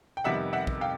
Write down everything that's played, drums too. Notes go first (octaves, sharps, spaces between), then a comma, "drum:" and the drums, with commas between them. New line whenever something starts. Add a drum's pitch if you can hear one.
G5
F2 C3 D#3 G3 B3 E5 F#5
E5 F#5
drum: kick
F5 G5